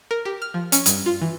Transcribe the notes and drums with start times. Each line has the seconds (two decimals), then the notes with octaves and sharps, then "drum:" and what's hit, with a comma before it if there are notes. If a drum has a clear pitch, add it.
0.11 A#4
0.25 G4
0.42 F6
0.54 F3
0.72 C#4, drum: hi-hat
0.86 G2, drum: hi-hat
1.06 F4
1.22 E3